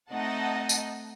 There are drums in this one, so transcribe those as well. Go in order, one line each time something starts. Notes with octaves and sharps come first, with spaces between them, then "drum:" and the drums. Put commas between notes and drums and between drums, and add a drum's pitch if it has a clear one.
A3 C4 D#4 D#5 F#5 A5
drum: tambourine